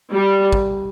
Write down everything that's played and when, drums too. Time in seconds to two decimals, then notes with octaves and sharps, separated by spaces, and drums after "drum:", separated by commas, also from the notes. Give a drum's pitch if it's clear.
0.13 G3
0.53 drum: kick